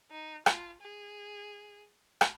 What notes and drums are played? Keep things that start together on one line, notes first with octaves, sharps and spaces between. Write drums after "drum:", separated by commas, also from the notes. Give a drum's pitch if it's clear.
D#4
F4, drum: rim click
G#4
drum: rim click